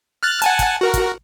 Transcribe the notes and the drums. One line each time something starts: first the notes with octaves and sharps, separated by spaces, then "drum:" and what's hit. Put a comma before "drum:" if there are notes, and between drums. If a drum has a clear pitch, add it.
F6 F#6 A6
F#5 G#5 A5, drum: hi-hat
drum: kick, hi-hat
F#4 A#4
drum: kick, hi-hat